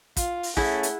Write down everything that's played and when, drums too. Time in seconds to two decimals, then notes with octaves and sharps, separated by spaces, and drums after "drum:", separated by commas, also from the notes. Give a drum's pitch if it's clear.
0.17 F4, drum: kick, hi-hat
0.43 drum: open hi-hat
0.57 A3 C#4 E4 G#4 F#5, drum: kick
0.83 drum: hi-hat